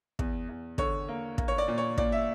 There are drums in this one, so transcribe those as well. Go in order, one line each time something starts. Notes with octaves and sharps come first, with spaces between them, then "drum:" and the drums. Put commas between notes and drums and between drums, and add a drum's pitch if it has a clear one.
E2, drum: kick
E2
D3 C#5, drum: kick
A#3
A#3, drum: kick
C#5
D5
A#2
C#5
A#2 D5, drum: kick
E5